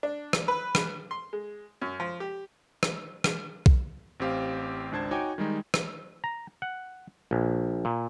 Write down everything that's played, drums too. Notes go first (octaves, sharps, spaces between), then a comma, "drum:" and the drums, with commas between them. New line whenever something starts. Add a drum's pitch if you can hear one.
D4
drum: rim click
B4
drum: rim click
C6
G#3
F#2
F3
G4
drum: rim click
drum: rim click
drum: kick B1
A1 C4 G4 C5 F5
G#1 C#2 D4 C5 A5 G#6
D#4 F#4 C#5 G5 G#5 D6
D#3 G3 G#3 D#4
drum: rim click
A#5
F#5
A#1
A#2